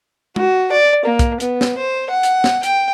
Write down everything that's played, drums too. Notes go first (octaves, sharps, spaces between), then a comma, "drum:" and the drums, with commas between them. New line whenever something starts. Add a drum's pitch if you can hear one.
F#4, drum: tom
D5
A#3
drum: kick, hi-hat
B3, drum: hi-hat
drum: snare
C5
F#5
drum: hi-hat
drum: snare
G5, drum: hi-hat